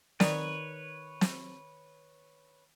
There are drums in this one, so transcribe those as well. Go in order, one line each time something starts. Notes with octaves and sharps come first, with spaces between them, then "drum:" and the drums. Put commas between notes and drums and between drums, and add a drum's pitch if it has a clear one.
D#3 B4 C#5 D5, drum: snare
drum: snare